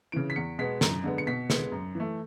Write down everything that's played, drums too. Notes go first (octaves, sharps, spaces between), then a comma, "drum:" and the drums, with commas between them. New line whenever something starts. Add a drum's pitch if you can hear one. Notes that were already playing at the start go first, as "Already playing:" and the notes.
C#3 E3 D7
B6
E2 C#7
B2 G#3 B3 B6
F#2, drum: snare
D3 G#3 B3
C#7
B2 B6
G#3 B3 C#7, drum: snare
F#2
E3 A3